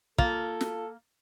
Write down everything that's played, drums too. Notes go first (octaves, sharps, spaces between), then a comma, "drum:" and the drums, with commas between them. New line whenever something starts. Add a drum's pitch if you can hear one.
A#3 F4 A4, drum: kick
drum: snare